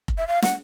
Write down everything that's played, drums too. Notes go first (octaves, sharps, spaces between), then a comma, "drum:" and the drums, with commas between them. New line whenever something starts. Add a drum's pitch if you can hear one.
drum: kick F1
E5
F5
F#5, drum: snare